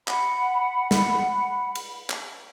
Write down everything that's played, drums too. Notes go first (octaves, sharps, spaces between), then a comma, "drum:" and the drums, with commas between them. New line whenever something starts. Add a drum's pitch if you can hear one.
F#5 B5, drum: clap
drum: snare
drum: cymbal
drum: clap